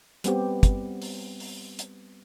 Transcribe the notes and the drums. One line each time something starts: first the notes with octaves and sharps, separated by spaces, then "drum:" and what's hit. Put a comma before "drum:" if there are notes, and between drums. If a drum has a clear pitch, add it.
G3 B3 C4 G4, drum: hi-hat
drum: kick, hi-hat
drum: open hi-hat
drum: open hi-hat
drum: hi-hat